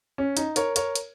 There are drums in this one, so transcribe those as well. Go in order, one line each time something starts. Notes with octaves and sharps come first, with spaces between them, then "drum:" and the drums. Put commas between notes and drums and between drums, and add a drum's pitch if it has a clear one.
C#4
D#4, drum: hi-hat
A#4 C#5, drum: hi-hat
A#4 C#5, drum: hi-hat
drum: hi-hat